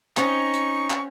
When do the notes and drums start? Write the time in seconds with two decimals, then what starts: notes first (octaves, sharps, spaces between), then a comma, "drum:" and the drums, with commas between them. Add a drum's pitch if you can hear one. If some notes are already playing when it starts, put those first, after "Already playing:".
0.17 C4 C#4 D#4 C#6, drum: clap
0.54 drum: hi-hat
0.90 drum: clap